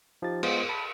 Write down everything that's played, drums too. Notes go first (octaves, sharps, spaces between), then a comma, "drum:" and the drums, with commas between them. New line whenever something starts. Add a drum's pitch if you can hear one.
F3 D#4 G4 A6
G#3 B3 F4 G#4 C5 D#5, drum: cymbal
A5 B5